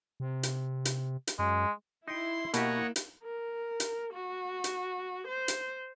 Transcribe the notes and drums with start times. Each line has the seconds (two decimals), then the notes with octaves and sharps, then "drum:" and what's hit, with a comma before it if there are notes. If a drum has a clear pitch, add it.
0.20 C3
0.43 drum: hi-hat
0.85 drum: hi-hat
1.27 drum: hi-hat
1.39 F#2 G#3
2.08 D#4 E4 G5 C6
2.54 B2 A#3 G4 C#5 D#5 F#5, drum: hi-hat
2.96 drum: hi-hat
3.23 A#4
3.80 drum: hi-hat
4.14 F#4
4.64 drum: hi-hat
5.28 C5
5.48 drum: hi-hat